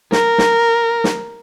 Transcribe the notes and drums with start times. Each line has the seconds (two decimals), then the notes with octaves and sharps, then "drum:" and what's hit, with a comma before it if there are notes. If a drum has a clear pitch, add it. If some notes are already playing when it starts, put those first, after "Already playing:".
0.12 A#4, drum: snare
0.38 drum: snare
1.04 drum: snare